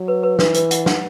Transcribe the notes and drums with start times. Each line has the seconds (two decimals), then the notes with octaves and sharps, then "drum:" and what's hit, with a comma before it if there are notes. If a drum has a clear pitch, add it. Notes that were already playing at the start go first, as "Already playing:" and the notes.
Already playing: F#3
0.08 B4
0.23 B4
0.39 E3 B4, drum: snare
0.54 B4, drum: hi-hat
0.71 F#5, drum: hi-hat
0.86 F#5, drum: snare